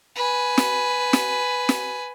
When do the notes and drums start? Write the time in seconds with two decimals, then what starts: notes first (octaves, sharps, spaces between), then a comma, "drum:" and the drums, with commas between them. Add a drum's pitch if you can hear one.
0.16 B4 G#5
0.58 drum: snare
1.13 drum: snare
1.69 drum: snare